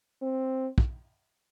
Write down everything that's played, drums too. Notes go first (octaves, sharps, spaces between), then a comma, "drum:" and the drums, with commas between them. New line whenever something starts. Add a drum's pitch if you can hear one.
C4
drum: kick